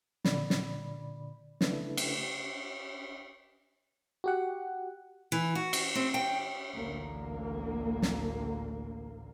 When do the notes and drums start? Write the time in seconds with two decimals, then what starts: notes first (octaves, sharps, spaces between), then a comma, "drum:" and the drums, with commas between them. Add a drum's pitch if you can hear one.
0.25 A#2 D3 D5 B5, drum: snare
0.50 drum: snare
1.61 C#3 A3 D4 E4 A4 B4, drum: snare
1.97 drum: cymbal
4.24 F#4 G4 F#5
5.32 E3
5.55 F#4
5.73 drum: cymbal
5.95 C4
6.14 G5
6.77 A1 D2 A2 D3 A#3
8.02 drum: snare